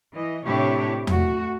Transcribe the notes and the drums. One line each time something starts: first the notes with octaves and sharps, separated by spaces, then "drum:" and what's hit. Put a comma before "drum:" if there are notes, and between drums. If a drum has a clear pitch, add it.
E3 D#5
A2 C3 D4 E4 G4 C#5
A3 F#4, drum: tom E2